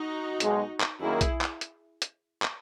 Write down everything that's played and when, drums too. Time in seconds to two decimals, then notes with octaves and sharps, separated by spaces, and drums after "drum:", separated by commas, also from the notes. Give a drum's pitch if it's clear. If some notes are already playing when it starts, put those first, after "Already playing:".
Already playing: D#4 F#4
0.40 B1 B2 G#3 B3, drum: hi-hat
0.80 drum: clap
1.01 F#2 D#3 A#3 E4 G#4
1.21 drum: kick B1, hi-hat
1.41 drum: clap
1.61 drum: hi-hat
2.02 drum: hi-hat
2.42 drum: clap